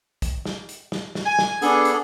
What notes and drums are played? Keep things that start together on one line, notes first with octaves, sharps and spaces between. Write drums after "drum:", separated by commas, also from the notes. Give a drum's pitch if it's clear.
drum: kick, hi-hat
drum: snare
drum: hi-hat
drum: snare
drum: snare
G#5
drum: snare
B3 D4 G#4 A4, drum: hi-hat
drum: hi-hat